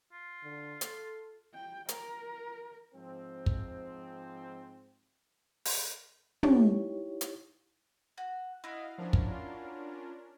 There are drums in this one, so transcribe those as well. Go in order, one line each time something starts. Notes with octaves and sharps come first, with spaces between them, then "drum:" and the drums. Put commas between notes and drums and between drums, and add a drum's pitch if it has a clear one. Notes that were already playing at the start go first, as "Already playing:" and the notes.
F4
D3
A4, drum: hi-hat
G5
A#4, drum: hi-hat
G#2 F3 C4
drum: kick
drum: open hi-hat
D#4 E4 G4 C#5, drum: tom
drum: hi-hat
F#4
E4 F#4 D#5 F5
F3 C#4 D4 A#4
drum: kick
F4